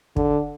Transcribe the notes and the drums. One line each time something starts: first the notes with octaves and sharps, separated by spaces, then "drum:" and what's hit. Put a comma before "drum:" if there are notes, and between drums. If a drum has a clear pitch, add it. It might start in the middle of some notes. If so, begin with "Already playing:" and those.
D3, drum: kick